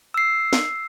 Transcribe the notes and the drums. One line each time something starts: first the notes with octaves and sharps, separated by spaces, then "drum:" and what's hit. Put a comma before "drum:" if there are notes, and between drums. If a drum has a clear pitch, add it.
E6 C7
drum: snare